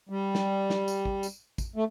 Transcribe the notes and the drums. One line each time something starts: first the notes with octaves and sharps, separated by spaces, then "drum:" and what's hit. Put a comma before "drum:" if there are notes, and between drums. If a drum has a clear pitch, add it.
G3
drum: snare
drum: snare
drum: tambourine
drum: kick A1
drum: tambourine
drum: kick A1, tambourine
A3